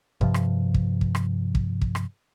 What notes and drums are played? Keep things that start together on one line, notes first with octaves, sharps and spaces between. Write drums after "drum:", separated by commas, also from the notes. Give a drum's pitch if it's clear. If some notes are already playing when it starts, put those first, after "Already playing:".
G2 C3 F3, drum: kick
drum: rim click
drum: kick
drum: kick
drum: rim click
drum: kick
drum: kick
drum: rim click